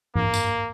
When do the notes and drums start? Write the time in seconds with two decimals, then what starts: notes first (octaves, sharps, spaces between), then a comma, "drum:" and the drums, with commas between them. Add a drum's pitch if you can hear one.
0.15 A#3, drum: tom G#2
0.34 drum: tambourine